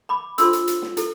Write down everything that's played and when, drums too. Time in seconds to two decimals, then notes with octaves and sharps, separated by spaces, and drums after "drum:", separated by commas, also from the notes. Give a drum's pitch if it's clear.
0.09 B5 D6
0.38 D4 F4 A4 C5 C6 E6, drum: hi-hat
0.53 drum: hi-hat
0.68 drum: hi-hat
0.82 drum: snare
0.97 E4 A4, drum: hi-hat